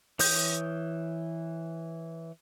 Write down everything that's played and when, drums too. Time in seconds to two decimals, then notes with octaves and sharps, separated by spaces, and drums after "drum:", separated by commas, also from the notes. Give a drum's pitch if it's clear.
0.19 E3 C#5 D#6 G6, drum: open hi-hat